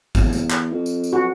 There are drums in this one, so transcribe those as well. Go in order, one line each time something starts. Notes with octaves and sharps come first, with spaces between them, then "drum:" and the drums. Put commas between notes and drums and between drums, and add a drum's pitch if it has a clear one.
E2, drum: kick, tambourine
drum: tambourine
drum: clap
F2
drum: tambourine
drum: tambourine
F#4